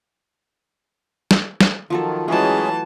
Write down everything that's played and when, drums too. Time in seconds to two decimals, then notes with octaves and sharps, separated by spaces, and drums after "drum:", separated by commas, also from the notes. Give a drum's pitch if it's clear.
1.31 drum: snare
1.61 drum: snare
1.90 D#3 F3 F#3 A4
2.28 E3 F#3 G#3 A3 C#4 G#4 A5